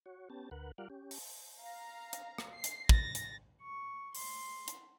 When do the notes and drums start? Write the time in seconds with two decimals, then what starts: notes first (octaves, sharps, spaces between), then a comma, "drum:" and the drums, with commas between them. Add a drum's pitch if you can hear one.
0.06 F#4 C#5
0.30 B3 C#4 G4 A5
0.51 D2 A#4 B4 F#5
0.78 G3 F4 A#4 D5 F5 F#5
0.90 C#4 G4
1.11 drum: open hi-hat
1.58 F5 A#5
2.13 drum: hi-hat
2.38 drum: rim click
2.54 C7
2.64 drum: hi-hat
2.89 A6 A#6, drum: kick
3.15 drum: hi-hat
3.62 C#6
4.15 C6, drum: open hi-hat
4.68 drum: hi-hat